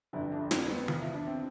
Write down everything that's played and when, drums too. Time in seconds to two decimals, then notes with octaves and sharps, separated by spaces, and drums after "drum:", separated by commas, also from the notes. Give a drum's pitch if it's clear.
0.13 G1 F2 D3 E4
0.32 D4
0.51 C4, drum: snare
0.70 B3
0.88 F4, drum: tom D#3
1.01 E4
1.13 D4
1.27 C4